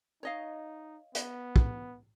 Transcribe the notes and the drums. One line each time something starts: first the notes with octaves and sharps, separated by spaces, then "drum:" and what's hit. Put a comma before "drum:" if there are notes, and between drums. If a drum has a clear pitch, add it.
D#4 C#5 D#5 F5
B3, drum: hi-hat
drum: kick